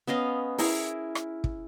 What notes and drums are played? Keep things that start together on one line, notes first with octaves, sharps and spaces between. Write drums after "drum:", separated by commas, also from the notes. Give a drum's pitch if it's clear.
B3 C#4 D#5 F5
E4 G#4 A#4, drum: open hi-hat
drum: rim click
drum: kick